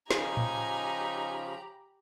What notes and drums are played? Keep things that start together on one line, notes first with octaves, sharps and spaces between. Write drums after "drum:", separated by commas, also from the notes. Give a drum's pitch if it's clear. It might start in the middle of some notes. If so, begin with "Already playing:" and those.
C#3 F3 D#4 G4 G#5 A#5 B5, drum: snare
drum: tom A2